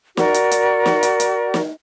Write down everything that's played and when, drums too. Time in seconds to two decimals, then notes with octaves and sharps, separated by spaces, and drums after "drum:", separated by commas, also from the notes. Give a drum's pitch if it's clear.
0.17 F#4 A#4 D5, drum: snare
0.34 drum: hi-hat
0.51 drum: hi-hat
0.86 drum: snare
1.03 drum: hi-hat
1.20 drum: hi-hat
1.54 drum: snare